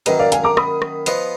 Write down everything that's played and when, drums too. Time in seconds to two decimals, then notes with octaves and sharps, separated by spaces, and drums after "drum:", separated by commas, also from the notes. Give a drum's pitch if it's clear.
0.06 F#2 D#3 A#3 B4 D#5, drum: hi-hat
0.19 D5 F5
0.32 F5 G#5, drum: hi-hat
0.44 A#5 D6
0.57 B5 D#6, drum: rim click
0.82 drum: rim click
1.06 F3 B3 F4 B4 D#5, drum: hi-hat